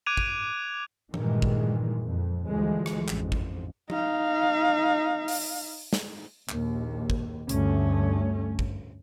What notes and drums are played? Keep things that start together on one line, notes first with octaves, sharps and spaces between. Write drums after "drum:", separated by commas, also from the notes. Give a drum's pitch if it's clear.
D6 F#6 G#6 D7 D#7 F7
drum: kick
G2 A#2 D#3 E3 G3 G#3, drum: tom
drum: kick
F2
D2 E3 F3 G3 G#3
drum: rim click
A1 F2 G#2, drum: clap
drum: kick
D#4 F5, drum: tom
drum: open hi-hat
drum: snare
A#1 D#2, drum: clap
drum: kick
D2 G2 A3 C#4, drum: hi-hat
drum: kick